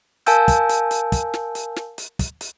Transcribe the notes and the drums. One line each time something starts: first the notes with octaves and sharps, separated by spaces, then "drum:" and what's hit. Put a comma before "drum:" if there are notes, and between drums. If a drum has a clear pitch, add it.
A#4 F5 G#5 A5 E6 G6, drum: hi-hat
drum: kick, hi-hat
drum: hi-hat
drum: hi-hat
drum: kick, hi-hat
drum: snare
drum: hi-hat
drum: snare
drum: hi-hat
drum: kick, hi-hat
drum: hi-hat